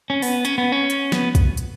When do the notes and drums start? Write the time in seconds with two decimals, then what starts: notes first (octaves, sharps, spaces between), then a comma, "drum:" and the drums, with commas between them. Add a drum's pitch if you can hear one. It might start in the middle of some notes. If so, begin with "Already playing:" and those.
0.10 C#4
0.22 B3, drum: open hi-hat
0.45 C#4, drum: hi-hat
0.58 B3
0.72 C#4
0.90 drum: hi-hat
1.12 B3, drum: snare
1.35 drum: kick, hi-hat
1.57 drum: hi-hat